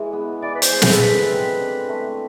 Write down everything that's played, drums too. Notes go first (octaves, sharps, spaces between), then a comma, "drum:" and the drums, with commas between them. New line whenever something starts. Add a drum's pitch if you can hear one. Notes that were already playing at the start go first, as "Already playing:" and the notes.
Already playing: E3 G#3
B3
E3 D5
B4
C5, drum: hi-hat
G#3
C5, drum: snare
A4
D3 B4
C4
D3
A3